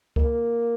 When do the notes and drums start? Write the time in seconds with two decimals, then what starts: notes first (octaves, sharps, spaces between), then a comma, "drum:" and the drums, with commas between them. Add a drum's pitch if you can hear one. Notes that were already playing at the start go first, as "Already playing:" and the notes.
0.16 A#3, drum: kick